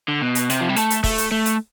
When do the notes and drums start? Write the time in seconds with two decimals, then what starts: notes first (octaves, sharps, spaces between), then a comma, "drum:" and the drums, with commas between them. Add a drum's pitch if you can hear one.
0.08 D3
0.22 B2
0.35 drum: hi-hat
0.50 C3, drum: hi-hat
0.61 F3
0.69 G3
0.76 A3, drum: hi-hat
0.90 drum: hi-hat
1.04 A3, drum: kick, open hi-hat
1.18 drum: hi-hat
1.31 A3
1.46 drum: hi-hat